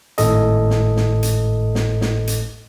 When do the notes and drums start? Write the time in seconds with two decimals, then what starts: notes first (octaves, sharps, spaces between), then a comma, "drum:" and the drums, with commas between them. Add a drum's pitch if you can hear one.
0.18 G#1 A2 A4 D#5, drum: hi-hat
0.70 drum: snare
0.96 drum: snare
1.23 drum: hi-hat
1.75 drum: snare
2.01 drum: snare
2.27 drum: hi-hat